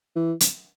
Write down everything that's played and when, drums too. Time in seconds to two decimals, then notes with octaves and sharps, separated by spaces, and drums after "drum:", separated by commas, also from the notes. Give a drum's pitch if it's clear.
0.16 E3
0.40 drum: hi-hat